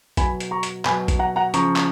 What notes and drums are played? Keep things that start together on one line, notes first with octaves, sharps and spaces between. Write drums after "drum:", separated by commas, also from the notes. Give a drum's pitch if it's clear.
B2 F#3 G#5 B5, drum: kick A1, hi-hat
drum: hi-hat
A#5 C#6
drum: hi-hat
B2 G#5 B5, drum: clap
F#3
drum: kick A1, hi-hat
F#5 A#5
F#5 A#5
C#3 F3 A#5 C#6, drum: hi-hat
drum: clap